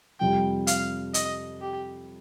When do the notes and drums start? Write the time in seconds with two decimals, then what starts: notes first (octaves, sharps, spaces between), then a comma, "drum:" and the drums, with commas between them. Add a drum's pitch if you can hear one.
0.20 F2 C3 G3 G5
0.67 F5, drum: hi-hat
1.14 D#5, drum: hi-hat
1.62 G4